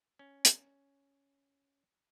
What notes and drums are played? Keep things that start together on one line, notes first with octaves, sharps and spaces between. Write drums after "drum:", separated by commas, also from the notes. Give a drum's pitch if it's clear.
C#4
drum: hi-hat